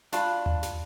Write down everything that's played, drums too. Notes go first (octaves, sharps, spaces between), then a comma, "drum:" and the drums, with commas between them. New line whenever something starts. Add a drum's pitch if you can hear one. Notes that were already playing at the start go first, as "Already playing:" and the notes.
D4 F4 B5, drum: snare
drum: tom D#2
drum: snare